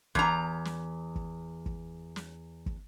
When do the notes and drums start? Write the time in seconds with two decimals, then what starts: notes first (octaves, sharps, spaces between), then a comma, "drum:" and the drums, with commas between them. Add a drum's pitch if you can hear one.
0.15 E2 A#5, drum: kick
0.65 drum: snare
1.16 drum: kick
1.66 drum: kick
2.16 drum: snare
2.66 drum: kick